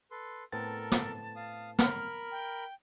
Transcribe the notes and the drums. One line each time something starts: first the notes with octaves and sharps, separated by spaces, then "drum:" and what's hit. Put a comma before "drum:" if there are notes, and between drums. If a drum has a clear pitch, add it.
A4 B4 C6
A2 B3 C4 A4 A#4 A5 A6
drum: snare
F5 D#6
A#4 B5 F6, drum: snare
G5